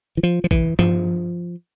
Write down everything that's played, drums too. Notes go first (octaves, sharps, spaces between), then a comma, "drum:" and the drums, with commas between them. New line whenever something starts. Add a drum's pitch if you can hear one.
E3
F3
F3
E3, drum: kick
F3, drum: tom G2